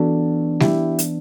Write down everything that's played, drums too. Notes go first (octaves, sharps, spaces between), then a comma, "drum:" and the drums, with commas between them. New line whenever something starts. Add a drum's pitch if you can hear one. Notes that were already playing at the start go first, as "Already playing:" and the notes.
Already playing: E3 B3 D4 F#4 A4
E4 G4, drum: snare G3
drum: hi-hat